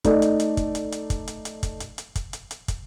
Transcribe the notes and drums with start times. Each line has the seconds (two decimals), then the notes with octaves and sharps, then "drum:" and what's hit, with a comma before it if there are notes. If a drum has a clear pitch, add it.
0.04 A3 D#4 D5, drum: kick, hi-hat
0.22 drum: hi-hat
0.40 drum: hi-hat
0.57 drum: kick, hi-hat
0.75 drum: hi-hat
0.92 drum: hi-hat
1.10 drum: kick, hi-hat
1.28 drum: hi-hat
1.45 drum: hi-hat
1.63 drum: kick, hi-hat
1.80 drum: hi-hat
1.98 drum: hi-hat
2.15 drum: kick, hi-hat
2.33 drum: hi-hat
2.51 drum: hi-hat
2.68 drum: kick, hi-hat